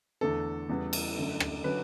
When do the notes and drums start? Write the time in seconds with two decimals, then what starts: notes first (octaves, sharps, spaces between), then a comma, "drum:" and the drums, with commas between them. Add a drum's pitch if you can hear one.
0.21 E2 D3 A3 A4
0.69 E2 C#3 G3 B3
0.93 drum: cymbal
1.16 F#2 D3 A3
1.40 drum: rim click
1.64 D3 F#3 C#4 B4